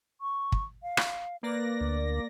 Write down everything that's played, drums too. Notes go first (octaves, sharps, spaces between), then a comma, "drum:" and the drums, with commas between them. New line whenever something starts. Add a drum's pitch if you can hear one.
C#6
drum: kick
F5
drum: rim click
A#3 B4 D5 A#6
D2